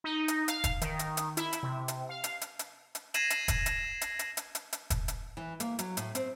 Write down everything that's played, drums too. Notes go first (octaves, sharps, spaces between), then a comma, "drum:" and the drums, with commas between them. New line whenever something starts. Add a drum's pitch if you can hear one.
D#4
drum: hi-hat
F5, drum: hi-hat
drum: kick, hi-hat
D#3, drum: hi-hat
drum: hi-hat
drum: hi-hat
E4, drum: hi-hat
drum: hi-hat
C3
drum: hi-hat
F5
drum: hi-hat
drum: hi-hat
drum: hi-hat
drum: hi-hat
G#6 A#6 C7 D#7 E7 F#7, drum: hi-hat
drum: hi-hat
drum: kick, hi-hat
drum: hi-hat
drum: hi-hat
drum: hi-hat
drum: hi-hat
drum: hi-hat
drum: hi-hat
drum: kick, hi-hat
drum: hi-hat
E3
A#3, drum: hi-hat
F#3, drum: hi-hat
A2, drum: hi-hat
C4, drum: hi-hat